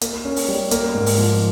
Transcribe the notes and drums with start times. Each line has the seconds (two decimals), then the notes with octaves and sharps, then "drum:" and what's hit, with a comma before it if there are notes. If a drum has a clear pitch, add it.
0.01 A#3, drum: hi-hat
0.25 C#4
0.36 drum: open hi-hat
0.48 G3
0.71 A#3, drum: hi-hat
0.94 G#2
1.06 drum: open hi-hat
1.18 F3